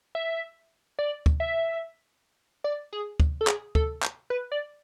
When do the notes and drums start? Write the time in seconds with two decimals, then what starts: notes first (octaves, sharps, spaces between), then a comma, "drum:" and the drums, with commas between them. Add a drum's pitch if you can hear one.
0.15 E5
0.99 D5
1.26 drum: kick D2
1.40 E5
2.64 D5
2.93 G#4
3.20 drum: kick D2
3.41 A4
3.47 G#4, drum: clap
3.75 A4, drum: kick D2
4.03 drum: clap
4.30 B4
4.52 D5